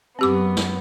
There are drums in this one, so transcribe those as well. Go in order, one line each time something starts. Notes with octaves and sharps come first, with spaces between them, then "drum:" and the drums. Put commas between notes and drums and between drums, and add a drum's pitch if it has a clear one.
F#2 B3 C4 G4 D6
drum: snare